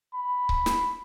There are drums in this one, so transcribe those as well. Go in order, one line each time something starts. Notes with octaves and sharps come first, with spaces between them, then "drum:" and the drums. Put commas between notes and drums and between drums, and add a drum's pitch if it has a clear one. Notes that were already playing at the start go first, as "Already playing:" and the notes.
B5
drum: kick C#1
drum: snare